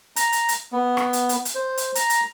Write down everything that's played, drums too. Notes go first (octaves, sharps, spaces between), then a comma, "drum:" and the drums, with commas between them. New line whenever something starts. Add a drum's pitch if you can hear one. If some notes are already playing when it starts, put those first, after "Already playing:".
A#5, drum: hi-hat
drum: hi-hat
drum: hi-hat
B3
drum: rim click
drum: hi-hat
drum: hi-hat
drum: hi-hat
C5
drum: hi-hat
A#5, drum: hi-hat
drum: hi-hat